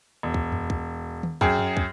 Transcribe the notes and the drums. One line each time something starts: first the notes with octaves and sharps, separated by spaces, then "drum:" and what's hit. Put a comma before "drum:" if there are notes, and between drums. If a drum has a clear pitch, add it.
E1
drum: kick
drum: tom F2
drum: kick
drum: tom D#3
F#2 G#4 G5, drum: kick
drum: tom F2
drum: kick